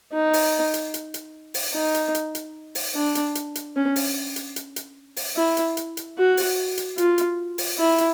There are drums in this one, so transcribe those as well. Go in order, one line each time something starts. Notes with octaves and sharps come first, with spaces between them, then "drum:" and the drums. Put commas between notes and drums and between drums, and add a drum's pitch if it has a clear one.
D#4
drum: open hi-hat
drum: hi-hat
drum: hi-hat
drum: hi-hat
drum: open hi-hat
D#4
drum: hi-hat
drum: hi-hat
drum: hi-hat
drum: open hi-hat
D4
drum: hi-hat
drum: hi-hat
drum: hi-hat
C#4
drum: open hi-hat
drum: hi-hat
drum: hi-hat
drum: hi-hat
drum: open hi-hat
E4
drum: hi-hat
drum: hi-hat
drum: hi-hat
F#4
drum: open hi-hat
drum: hi-hat
F4, drum: hi-hat
drum: hi-hat
drum: open hi-hat
E4
drum: hi-hat